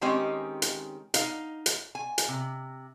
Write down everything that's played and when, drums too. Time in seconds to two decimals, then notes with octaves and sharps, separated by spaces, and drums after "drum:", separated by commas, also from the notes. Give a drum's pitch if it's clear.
0.01 D#3 G#3 C4 C#4 G4 D#5
0.62 drum: hi-hat
1.14 D#4 F5, drum: hi-hat
1.66 drum: hi-hat
1.95 G#5
2.18 drum: hi-hat
2.28 C3